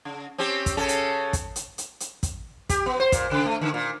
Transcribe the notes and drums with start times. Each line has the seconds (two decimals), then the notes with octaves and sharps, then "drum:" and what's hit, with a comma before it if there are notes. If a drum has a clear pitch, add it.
0.05 C#3
0.38 C4 C#4 G4
0.66 drum: kick, hi-hat
0.77 C#3 C#4 A4
0.88 drum: hi-hat
1.33 drum: kick, hi-hat
1.56 drum: hi-hat
1.78 drum: hi-hat
2.00 drum: hi-hat
2.23 drum: kick, hi-hat
2.69 G4, drum: kick, hi-hat
2.86 B3
3.00 C5
3.12 A#2, drum: kick, hi-hat
3.31 C#3
3.46 A3
3.61 D3
3.74 A#2